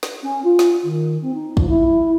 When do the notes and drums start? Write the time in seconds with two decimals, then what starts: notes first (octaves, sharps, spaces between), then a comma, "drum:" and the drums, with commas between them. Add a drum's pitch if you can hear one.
0.03 drum: snare
0.22 C#4
0.44 F4
0.59 drum: snare
0.83 D#3
1.21 C4
1.34 D#4
1.57 F3, drum: kick
1.69 E4